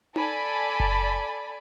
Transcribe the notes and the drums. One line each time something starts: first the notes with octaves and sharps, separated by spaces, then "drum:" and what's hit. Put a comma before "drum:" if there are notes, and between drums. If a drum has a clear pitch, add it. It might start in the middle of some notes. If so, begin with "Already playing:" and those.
A4 D5 G#5 B5, drum: tom D#4
drum: kick F#1